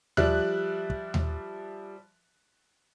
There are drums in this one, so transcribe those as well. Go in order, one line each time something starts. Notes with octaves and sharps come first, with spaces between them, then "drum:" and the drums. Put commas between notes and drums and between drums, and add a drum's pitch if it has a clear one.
F3 G3 D5 E5 F#6, drum: tom D#2
drum: kick
drum: tom D#2